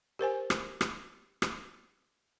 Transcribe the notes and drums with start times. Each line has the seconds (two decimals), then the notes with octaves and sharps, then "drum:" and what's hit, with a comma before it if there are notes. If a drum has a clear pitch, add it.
0.19 G4 A#4 C5 G#5
0.50 drum: rim click
0.81 drum: rim click
1.42 drum: rim click